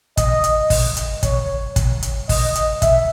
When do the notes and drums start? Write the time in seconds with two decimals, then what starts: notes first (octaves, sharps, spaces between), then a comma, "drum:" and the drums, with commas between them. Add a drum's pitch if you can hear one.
0.17 D#5, drum: kick, hi-hat
0.44 drum: hi-hat
0.70 drum: kick, open hi-hat
0.97 drum: hi-hat
1.23 C#5, drum: kick, hi-hat
1.76 drum: kick, hi-hat
2.02 drum: hi-hat
2.29 D#5, drum: kick, open hi-hat
2.55 drum: hi-hat
2.82 E5, drum: kick, hi-hat